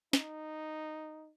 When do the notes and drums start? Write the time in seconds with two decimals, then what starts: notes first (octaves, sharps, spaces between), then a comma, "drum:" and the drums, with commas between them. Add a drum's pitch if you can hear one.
0.13 D#4, drum: snare